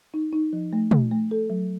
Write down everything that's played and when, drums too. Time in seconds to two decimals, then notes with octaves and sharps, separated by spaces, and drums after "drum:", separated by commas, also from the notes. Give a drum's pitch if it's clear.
0.14 D#4
0.33 D#4
0.53 F3
0.73 A3
0.91 A3, drum: tom
1.11 A3
1.31 A4
1.50 F#3